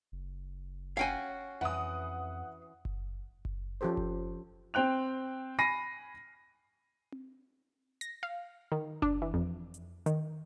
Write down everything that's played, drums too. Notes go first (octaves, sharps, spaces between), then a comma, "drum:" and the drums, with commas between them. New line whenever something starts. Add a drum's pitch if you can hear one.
F#1
C#4 F#4 F5 G5 G#5
F2 E3 F#5 D#6
drum: kick F#1
drum: kick F#1
F3 C#4 G4 A4 C5
drum: kick F#1
C4 C5 G5 F#6 F7
G#5 B5 A#6 C7 D#7
drum: tom C4
A#6, drum: hi-hat
F5
D#3
D4, drum: kick F#1
E3
F2
drum: hi-hat
D#3, drum: hi-hat